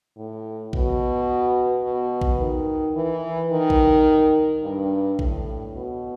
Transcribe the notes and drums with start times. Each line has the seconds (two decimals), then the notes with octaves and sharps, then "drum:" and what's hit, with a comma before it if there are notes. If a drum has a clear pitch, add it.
0.17 A2
0.73 B2, drum: kick A#1
1.84 B2
2.21 drum: kick A#1
2.40 D#3
2.95 E3
3.51 D#3
3.70 drum: kick A#1
4.63 G2
5.19 A2, drum: kick A#1
5.74 B2